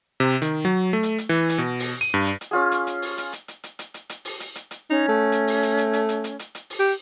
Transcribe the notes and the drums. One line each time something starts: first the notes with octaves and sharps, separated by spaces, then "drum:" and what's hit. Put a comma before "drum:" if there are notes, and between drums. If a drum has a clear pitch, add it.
C3
D#3, drum: hi-hat
F#3
A3
drum: hi-hat
drum: hi-hat
E3
drum: hi-hat
B2
drum: open hi-hat
D#7
G2
drum: hi-hat
drum: hi-hat
C#4 F4 G#4
drum: hi-hat
drum: hi-hat
drum: open hi-hat
drum: hi-hat
drum: hi-hat
drum: hi-hat
drum: hi-hat
drum: hi-hat
drum: hi-hat
drum: hi-hat
drum: open hi-hat
drum: hi-hat
drum: hi-hat
drum: hi-hat
C#4 D#4
A3
drum: hi-hat
drum: open hi-hat
drum: hi-hat
drum: hi-hat
drum: hi-hat
drum: hi-hat
drum: hi-hat
drum: hi-hat
drum: hi-hat
drum: open hi-hat
G4